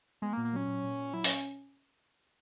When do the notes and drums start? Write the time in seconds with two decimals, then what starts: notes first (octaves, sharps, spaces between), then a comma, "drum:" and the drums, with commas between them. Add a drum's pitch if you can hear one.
0.22 G#3 B3
0.33 A#3
0.37 A#2
0.45 A#3
0.53 F#3 C#4
0.68 A#2
0.83 A#2
0.98 A#2
1.13 F#3 E4
1.24 C#4, drum: open hi-hat